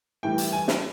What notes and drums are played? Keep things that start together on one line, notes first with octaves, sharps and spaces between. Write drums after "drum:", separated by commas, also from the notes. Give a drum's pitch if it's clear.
A2 E3 G3 G5
drum: hi-hat
G#5
drum: snare